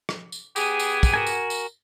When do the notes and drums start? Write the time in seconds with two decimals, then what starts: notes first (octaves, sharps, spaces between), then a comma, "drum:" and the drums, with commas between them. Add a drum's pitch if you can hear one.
0.09 drum: rim click
0.32 drum: tambourine
0.56 B3 G4 G#4, drum: tambourine
0.79 drum: tambourine
1.03 drum: kick, tambourine
1.14 F#4 A#4 G#5
1.27 drum: tambourine
1.50 drum: tambourine